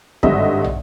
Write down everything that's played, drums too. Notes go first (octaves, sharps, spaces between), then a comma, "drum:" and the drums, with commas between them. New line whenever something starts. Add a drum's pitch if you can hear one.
G#1 G2 D3 D#5 E5, drum: kick
drum: tom